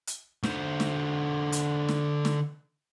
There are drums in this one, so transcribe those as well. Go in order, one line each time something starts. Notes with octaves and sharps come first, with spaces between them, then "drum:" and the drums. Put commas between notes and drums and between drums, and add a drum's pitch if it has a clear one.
drum: hi-hat
D3 C5, drum: snare
drum: snare
drum: hi-hat
drum: snare
drum: snare